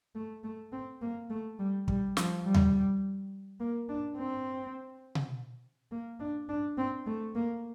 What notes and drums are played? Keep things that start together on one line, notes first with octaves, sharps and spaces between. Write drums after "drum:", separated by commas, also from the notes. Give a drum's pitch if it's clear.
A3
A3
C4
A#3
A3
G3
G3, drum: kick
F3, drum: snare
G3
drum: tom D#2
A#3
D4
C4
drum: tom B2
A#3
D4
D4
C4
A3
A#3